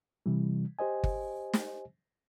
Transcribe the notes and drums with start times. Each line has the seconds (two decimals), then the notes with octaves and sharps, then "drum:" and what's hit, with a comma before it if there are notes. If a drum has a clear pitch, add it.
0.26 C3 E3 G3
0.79 G4 C5 D#5 G#5
1.04 drum: kick G1
1.53 drum: snare